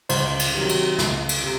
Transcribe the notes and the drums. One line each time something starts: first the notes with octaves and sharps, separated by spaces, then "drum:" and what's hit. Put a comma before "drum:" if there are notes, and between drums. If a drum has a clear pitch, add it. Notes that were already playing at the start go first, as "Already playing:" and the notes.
C#2 C5, drum: cymbal
drum: cymbal
C3 D#3 F#3
drum: cymbal
C#2, drum: snare
drum: cymbal
C3